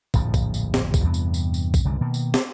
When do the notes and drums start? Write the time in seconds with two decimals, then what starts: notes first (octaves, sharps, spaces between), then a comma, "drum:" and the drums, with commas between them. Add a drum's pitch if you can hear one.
0.14 D1 A#1 F2 A2, drum: kick, tambourine
0.34 drum: kick, tambourine
0.54 drum: tambourine
0.74 drum: snare
0.94 drum: kick, tambourine
1.03 E2 G2 C3 B3
1.14 drum: tambourine
1.34 drum: tambourine
1.54 drum: tambourine
1.74 drum: kick, tambourine
1.85 C2 F#2 D3 G#3
2.01 B2 D#3 A#3
2.14 drum: tambourine
2.34 drum: snare